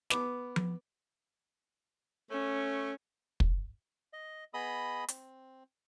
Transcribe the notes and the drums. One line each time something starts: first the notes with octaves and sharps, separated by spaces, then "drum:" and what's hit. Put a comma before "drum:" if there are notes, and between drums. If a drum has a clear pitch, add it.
B3 D6, drum: snare
drum: tom F3
A3 C#4
drum: kick
D#5
B3 G#4 D#5 B5 D#6
C4, drum: hi-hat